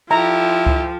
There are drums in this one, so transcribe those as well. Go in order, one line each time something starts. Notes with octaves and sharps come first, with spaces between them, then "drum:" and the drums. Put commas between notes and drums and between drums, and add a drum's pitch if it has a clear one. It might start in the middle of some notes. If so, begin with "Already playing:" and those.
F3 E4 G4 A4 A#5
drum: kick C#2